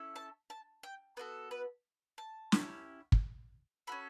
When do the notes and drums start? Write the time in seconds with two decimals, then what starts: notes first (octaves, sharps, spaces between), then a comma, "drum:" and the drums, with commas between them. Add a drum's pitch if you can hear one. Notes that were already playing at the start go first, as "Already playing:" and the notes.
Already playing: C#4 E4 A4
0.16 A5
0.50 A5
0.83 G5
1.17 B3 F#4 A4 B4
1.51 B4
2.18 A5
2.52 C#4 E4 G4, drum: snare
3.12 drum: kick
3.87 C#4 F#4 A4 B5